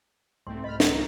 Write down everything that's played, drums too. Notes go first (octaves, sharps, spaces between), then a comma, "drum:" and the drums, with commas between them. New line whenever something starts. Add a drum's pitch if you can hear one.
C2 G#2 A3 C4 C6
D#5 B5 F6
F#5 A5 A#5 D#6, drum: snare